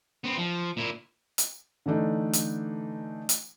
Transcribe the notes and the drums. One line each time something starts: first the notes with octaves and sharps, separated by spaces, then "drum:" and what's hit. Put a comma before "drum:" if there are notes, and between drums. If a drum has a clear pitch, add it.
B3 C4
F3
A#2 E4
drum: hi-hat
D3 E3 A3 D4 D#4
drum: hi-hat
drum: hi-hat